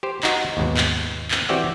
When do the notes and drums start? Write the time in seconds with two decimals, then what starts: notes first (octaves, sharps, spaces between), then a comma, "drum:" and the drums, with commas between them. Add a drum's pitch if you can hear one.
0.03 G4 C5
0.23 D#4 F#4 D#5, drum: clap
0.57 D#2 G#2 B2
0.77 drum: clap
1.31 drum: clap
1.49 E3 C4 F#4 G4 D5 E5